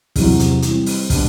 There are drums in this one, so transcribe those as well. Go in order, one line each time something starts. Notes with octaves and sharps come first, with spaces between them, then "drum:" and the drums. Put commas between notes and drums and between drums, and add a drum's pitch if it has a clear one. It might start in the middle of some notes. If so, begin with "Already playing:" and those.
E2 C3 F#3, drum: kick, open hi-hat
drum: hi-hat
E3 G3 C4, drum: hi-hat
drum: open hi-hat
B2 G3 D4, drum: kick, open hi-hat